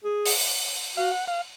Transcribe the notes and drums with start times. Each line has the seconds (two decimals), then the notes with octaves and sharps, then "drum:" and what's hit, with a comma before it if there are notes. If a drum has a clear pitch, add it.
0.04 G#4
0.26 drum: open hi-hat
0.97 F#4 F5
1.11 F#5
1.28 F5